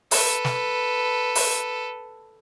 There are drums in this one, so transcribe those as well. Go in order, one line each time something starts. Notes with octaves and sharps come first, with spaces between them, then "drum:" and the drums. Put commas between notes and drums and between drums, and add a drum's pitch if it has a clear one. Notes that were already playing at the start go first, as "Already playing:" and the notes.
A4 B4, drum: open hi-hat
drum: snare
drum: open hi-hat